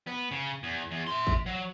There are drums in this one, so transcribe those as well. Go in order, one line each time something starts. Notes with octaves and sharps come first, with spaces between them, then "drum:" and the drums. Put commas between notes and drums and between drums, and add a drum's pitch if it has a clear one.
B3
C#3
E2
E2
E5 C6
drum: kick G#1
F#3